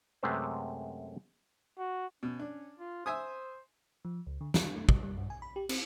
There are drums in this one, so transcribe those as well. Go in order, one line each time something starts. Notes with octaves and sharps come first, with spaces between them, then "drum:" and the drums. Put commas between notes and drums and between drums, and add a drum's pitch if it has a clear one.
F#2 C3 G#3 A3 B4 C5
F#4
B2 C#4
D4
F4
C5 E5 G#5 D#6
F3
C#2
D3
G3, drum: snare
A3
G3, drum: kick
G3
G2
G#5
B5
G4
C4, drum: cymbal